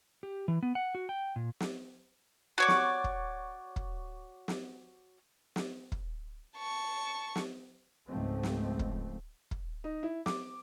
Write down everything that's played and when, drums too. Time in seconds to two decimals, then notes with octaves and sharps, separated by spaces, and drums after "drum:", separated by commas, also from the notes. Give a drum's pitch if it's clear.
0.23 G4
0.48 E3
0.63 B3
0.75 F#5
0.95 F#4
1.09 G5
1.36 A#2
1.60 drum: snare
2.58 F#4 C#5 D5
2.68 drum: snare
3.04 drum: kick
3.76 drum: kick
4.48 drum: snare
5.56 drum: snare
5.92 drum: kick
6.57 A5 C#6
7.36 drum: snare
8.07 C#2 G#2 F3 A3 C4
8.43 drum: snare
8.79 drum: kick
9.51 drum: kick
9.84 D#4
10.03 E4
10.26 D6, drum: snare